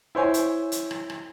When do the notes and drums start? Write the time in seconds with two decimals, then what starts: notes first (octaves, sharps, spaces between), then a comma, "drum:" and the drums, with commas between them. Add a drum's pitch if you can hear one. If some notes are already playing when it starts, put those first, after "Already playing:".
0.15 E4 C5 C#5 G#5
0.34 drum: hi-hat
0.72 drum: hi-hat
0.91 drum: rim click
1.10 drum: rim click